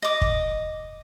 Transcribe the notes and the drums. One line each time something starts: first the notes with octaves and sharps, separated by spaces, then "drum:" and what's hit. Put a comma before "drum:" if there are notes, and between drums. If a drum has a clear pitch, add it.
D#5 D6
drum: kick